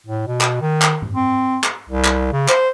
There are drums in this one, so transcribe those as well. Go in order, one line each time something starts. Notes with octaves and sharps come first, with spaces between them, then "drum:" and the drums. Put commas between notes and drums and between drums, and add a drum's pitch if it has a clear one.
A2
B2
drum: clap
D#3
drum: clap
drum: tom G#2
C4
drum: clap
C2
drum: clap
C#3
C5, drum: clap